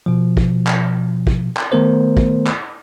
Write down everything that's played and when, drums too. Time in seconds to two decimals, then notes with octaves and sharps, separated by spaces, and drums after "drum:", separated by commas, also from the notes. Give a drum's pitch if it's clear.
0.06 B2 F3
0.37 drum: kick
0.67 drum: clap
1.27 drum: kick
1.57 drum: clap
1.72 D#3 A3 B3 A#4 C5
2.17 drum: kick
2.47 drum: clap